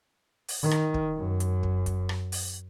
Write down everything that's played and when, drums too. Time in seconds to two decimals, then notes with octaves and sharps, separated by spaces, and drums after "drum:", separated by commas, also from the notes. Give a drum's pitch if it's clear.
0.48 drum: open hi-hat
0.62 D#3
0.71 drum: rim click
0.94 drum: kick
1.17 F#2
1.40 drum: hi-hat
1.63 drum: kick
1.86 drum: kick, hi-hat
2.09 drum: rim click
2.32 drum: open hi-hat